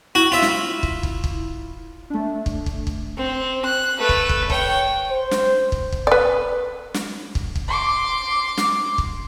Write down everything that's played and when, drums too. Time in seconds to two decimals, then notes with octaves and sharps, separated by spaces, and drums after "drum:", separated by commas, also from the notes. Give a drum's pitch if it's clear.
0.15 E4 F#4
0.32 F4 E5
0.42 drum: snare
0.83 drum: kick
1.03 drum: kick
1.24 drum: kick
2.10 A3 D4
2.46 drum: kick
2.66 drum: kick
2.87 drum: kick
3.18 C4
3.65 F#6
3.99 A3 B4
4.09 drum: kick
4.29 drum: kick
4.50 C#5 G5, drum: kick
5.11 C5
5.31 drum: snare
5.72 drum: kick
5.92 drum: kick
6.07 B4 D5
6.94 drum: snare
7.35 drum: kick
7.56 drum: kick
7.68 C6 D6
8.57 drum: snare
8.98 drum: kick